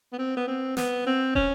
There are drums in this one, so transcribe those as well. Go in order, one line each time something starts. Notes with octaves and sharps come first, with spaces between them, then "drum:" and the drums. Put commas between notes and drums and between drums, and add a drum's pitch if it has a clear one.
B3
C4
B3
C4
B3, drum: snare
C4
C#4, drum: kick